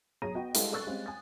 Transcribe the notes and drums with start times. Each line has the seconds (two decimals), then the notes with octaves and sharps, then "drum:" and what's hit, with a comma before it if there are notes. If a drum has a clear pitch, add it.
0.22 B1 G#4 C#5 A#5 A#6 D#7
0.35 B3 F#4 D#5 G5
0.54 G3 G#3 E4 A4 B4 F5, drum: hi-hat
0.72 A4 D5 C#6 E6 F#6 A6
0.87 G3 G#3 C4 C#4 F5
1.06 G#5 D#6 A6